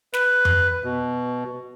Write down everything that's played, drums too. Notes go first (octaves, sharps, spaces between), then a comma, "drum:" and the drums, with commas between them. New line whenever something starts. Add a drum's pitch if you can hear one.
B4, drum: snare
drum: tom F2
B2